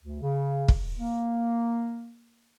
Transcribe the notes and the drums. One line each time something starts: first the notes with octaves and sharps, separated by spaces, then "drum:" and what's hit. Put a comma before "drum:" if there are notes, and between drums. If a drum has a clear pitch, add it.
D2
C#3
drum: kick
A#3